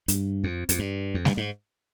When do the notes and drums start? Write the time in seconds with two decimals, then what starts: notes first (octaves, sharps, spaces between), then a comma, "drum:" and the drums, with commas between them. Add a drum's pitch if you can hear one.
0.08 G2, drum: hi-hat
0.44 F2
0.69 F2, drum: hi-hat
0.79 G2
1.14 F2
1.25 G2, drum: snare G3
1.37 G#2